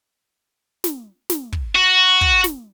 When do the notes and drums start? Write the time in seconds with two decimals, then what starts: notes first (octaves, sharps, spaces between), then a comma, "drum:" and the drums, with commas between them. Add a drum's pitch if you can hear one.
0.84 drum: snare
1.30 drum: snare
1.52 drum: kick
1.75 F#4
2.21 drum: kick
2.44 drum: snare